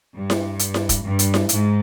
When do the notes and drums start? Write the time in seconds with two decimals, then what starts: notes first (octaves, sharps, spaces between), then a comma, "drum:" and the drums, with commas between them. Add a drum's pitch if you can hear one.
0.15 G2
0.30 drum: snare E4
0.59 drum: hi-hat
0.74 drum: snare E4
0.89 drum: kick, hi-hat
1.04 G2
1.19 drum: hi-hat
1.34 drum: snare E4
1.49 G#2, drum: hi-hat